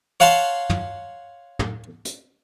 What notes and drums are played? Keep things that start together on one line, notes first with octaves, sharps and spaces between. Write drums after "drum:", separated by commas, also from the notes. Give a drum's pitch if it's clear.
C#5 F5 F#5 A5 C6
drum: tom
drum: tom
drum: hi-hat